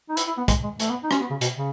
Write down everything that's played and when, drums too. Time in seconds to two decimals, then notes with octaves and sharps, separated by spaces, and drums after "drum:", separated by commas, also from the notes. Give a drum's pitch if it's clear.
0.10 D#4
0.17 E4, drum: hi-hat
0.28 E4
0.38 B3
0.48 G#3, drum: kick, hi-hat
0.64 G#3
0.80 A3, drum: hi-hat
0.90 B3
1.04 D#4
1.11 C#4, drum: rim click
1.20 B3
1.30 C#3
1.41 B2, drum: hi-hat
1.57 C#3